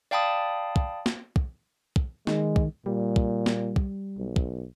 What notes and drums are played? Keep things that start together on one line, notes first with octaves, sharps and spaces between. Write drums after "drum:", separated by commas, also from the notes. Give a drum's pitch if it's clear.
D5 F5 G5 A5 B5 D#6
drum: kick
drum: snare
drum: kick
drum: kick
D#3 G#3, drum: snare
drum: kick
A#2 G3
drum: kick
drum: snare
drum: kick
B1
drum: kick